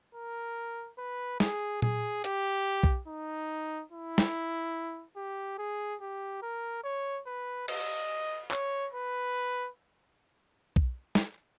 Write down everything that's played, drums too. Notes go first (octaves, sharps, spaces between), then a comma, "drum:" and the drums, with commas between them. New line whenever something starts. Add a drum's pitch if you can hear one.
A#4
B4
G#4, drum: snare
G#4, drum: tom A#2
G4, drum: hi-hat
drum: kick B1
D#4
E4
drum: snare
G4
G#4
G4
A#4
C#5
B4
D#5, drum: cymbal
C#5, drum: clap
B4
drum: kick B1
drum: snare